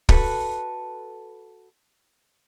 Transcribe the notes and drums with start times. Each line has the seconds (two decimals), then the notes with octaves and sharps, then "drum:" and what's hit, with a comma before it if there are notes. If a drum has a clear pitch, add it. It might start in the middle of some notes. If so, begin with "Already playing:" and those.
0.09 F#4 A4 B4, drum: kick